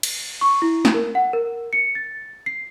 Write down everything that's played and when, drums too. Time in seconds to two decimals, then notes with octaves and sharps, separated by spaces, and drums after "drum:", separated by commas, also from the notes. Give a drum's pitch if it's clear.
0.03 drum: cymbal
0.41 C#6
0.62 E4
0.85 drum: snare
0.94 A#4
1.15 F#5
1.33 A#4
1.73 C#7
1.95 A6
2.46 C7